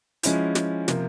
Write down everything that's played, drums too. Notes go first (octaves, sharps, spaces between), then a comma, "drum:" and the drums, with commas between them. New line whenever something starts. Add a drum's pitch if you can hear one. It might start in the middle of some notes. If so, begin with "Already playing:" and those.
F3 G#3 C#4 E4, drum: hi-hat
drum: snare
C3 F3 A#3, drum: snare